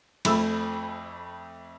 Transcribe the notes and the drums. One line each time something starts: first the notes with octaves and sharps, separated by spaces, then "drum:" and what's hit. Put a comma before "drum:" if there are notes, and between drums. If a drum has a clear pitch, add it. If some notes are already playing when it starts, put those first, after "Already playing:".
F2 A3 B5 E6, drum: cymbal